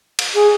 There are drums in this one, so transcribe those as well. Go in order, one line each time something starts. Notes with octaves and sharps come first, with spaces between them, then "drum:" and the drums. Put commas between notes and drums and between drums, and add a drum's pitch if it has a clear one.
drum: cymbal
G#4